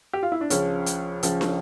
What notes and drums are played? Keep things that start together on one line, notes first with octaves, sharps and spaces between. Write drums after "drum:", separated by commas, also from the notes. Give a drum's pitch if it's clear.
G4
F4
E4
D4
C#2 C#3 F3 C#4, drum: hi-hat
drum: hi-hat
C#2 C#3 F3, drum: hi-hat
drum: snare